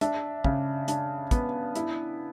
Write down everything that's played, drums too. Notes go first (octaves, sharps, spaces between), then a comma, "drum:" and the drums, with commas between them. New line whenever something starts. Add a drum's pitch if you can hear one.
D4 E5, drum: hi-hat
C#3, drum: kick
D4, drum: hi-hat
B3, drum: kick, hi-hat
E4, drum: hi-hat